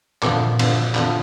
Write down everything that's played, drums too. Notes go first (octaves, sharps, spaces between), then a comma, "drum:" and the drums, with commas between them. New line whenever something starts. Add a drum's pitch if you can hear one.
G1 F2 A#2 D3 F3, drum: clap
G1 F2 D3 F3, drum: cymbal
G1 F2 D3 F3, drum: clap